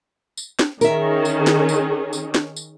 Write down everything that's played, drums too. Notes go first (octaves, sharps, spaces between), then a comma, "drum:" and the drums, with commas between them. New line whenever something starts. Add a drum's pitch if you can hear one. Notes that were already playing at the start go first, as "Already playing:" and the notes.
drum: tambourine
drum: snare
D#3 C#4 G#4 A#4 E5, drum: tambourine
drum: tambourine
drum: snare
drum: tambourine
drum: tambourine
drum: snare
drum: tambourine